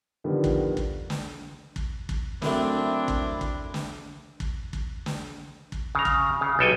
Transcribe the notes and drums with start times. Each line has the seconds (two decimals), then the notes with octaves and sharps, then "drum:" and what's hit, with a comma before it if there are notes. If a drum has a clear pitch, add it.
0.24 D3 D#3 F3 G3 B3
0.44 drum: kick
0.77 drum: kick
1.10 drum: snare
1.76 drum: kick
2.09 drum: kick
2.42 F#2 A3 C4 D4 E4, drum: snare
3.08 drum: kick
3.41 drum: kick
3.74 drum: snare
4.40 drum: kick
4.73 drum: kick
5.06 drum: snare
5.72 drum: kick
5.95 C#3 A#5
6.05 drum: kick
6.41 C#3
6.59 B1 G3 A4 G5 G#5